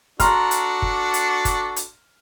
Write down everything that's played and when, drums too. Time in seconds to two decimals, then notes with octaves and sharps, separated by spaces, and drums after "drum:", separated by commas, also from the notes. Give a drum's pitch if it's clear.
0.20 D4 F#4 A4 A#5 C6 F6, drum: kick, hi-hat
0.51 drum: hi-hat
0.82 drum: kick
1.14 drum: hi-hat
1.45 drum: kick, hi-hat
1.76 drum: hi-hat